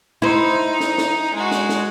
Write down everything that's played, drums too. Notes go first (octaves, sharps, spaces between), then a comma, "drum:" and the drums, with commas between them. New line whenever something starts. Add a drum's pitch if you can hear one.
D#4 E4 C5
drum: snare
drum: snare
G#3 F#4
drum: snare
drum: snare